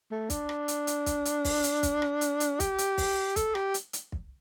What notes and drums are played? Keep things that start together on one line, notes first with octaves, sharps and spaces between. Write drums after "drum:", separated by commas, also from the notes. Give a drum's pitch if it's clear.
A3
D4, drum: kick, hi-hat
drum: rim click
drum: hi-hat
drum: hi-hat
drum: kick, hi-hat
drum: hi-hat
drum: kick, open hi-hat
drum: hi-hat
drum: kick, hi-hat
drum: rim click
drum: hi-hat
drum: hi-hat
G4, drum: kick, hi-hat
drum: hi-hat
drum: kick, open hi-hat
A4, drum: kick, hi-hat
G4, drum: rim click
drum: hi-hat
drum: hi-hat
drum: kick